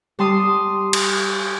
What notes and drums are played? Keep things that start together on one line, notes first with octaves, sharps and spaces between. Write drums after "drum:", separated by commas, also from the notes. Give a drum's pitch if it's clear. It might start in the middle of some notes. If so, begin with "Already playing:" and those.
G3 A5 C6 D#6
drum: cymbal